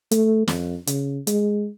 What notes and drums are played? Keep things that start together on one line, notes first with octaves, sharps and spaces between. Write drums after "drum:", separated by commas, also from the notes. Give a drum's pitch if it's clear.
A3, drum: hi-hat
F2, drum: snare
C#3, drum: hi-hat
G#3, drum: hi-hat